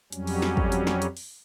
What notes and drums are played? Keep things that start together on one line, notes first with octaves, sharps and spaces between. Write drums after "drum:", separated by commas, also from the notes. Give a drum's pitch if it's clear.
F2 F#3 G3 C#4, drum: hi-hat
drum: open hi-hat
drum: snare
drum: kick
drum: hi-hat
drum: snare
drum: hi-hat
drum: open hi-hat